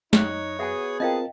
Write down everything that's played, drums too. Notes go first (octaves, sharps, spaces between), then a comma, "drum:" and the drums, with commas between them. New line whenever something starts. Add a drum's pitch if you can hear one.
F#2 D#4 C#5 F#6, drum: snare
B3 F#4 G#4 E5 F#5 G#5
C4 F4 A#4 D#5 F5 G5 A5